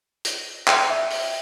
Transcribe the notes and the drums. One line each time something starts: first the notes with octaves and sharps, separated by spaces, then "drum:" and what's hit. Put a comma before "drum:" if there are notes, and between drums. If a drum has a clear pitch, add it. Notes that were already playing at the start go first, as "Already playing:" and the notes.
drum: hi-hat
G5, drum: clap
E5
drum: open hi-hat